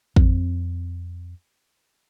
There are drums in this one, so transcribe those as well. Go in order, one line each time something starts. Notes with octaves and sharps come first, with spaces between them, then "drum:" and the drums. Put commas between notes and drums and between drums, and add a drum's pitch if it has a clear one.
F2 C4, drum: kick